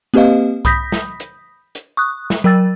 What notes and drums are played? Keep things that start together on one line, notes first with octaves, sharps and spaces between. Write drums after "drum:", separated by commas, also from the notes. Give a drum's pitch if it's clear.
A#3 C4 G4 B4 D#5 F5
B5 D#6 G6 A#6 B6, drum: kick C2, hi-hat
drum: snare
drum: hi-hat
drum: hi-hat
C#6 D#6 F#6
drum: snare
F#3 A#4 G5 E6 A6